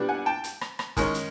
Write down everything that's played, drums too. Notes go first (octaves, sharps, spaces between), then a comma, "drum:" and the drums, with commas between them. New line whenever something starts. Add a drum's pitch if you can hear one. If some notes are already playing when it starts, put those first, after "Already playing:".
Already playing: A#2 G3 B3 D4
F#5 G#5
G5 A5
drum: hi-hat
drum: rim click
drum: rim click
D#3 G#3 C#4, drum: kick, hi-hat
drum: hi-hat